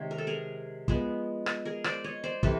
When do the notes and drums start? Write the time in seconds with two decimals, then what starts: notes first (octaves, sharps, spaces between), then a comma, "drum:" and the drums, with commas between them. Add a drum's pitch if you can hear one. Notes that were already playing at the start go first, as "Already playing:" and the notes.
Already playing: C3 D#3 G#3 C#5
0.11 A#4
0.18 A4
0.27 G#4 A#4
0.88 F3 G#3 B3, drum: kick
1.46 drum: rim click
1.65 G#4 A#4
1.84 C5 D5, drum: rim click
2.04 C#5 D#5
2.24 C5 D5
2.43 C3 E3 A4 B4, drum: kick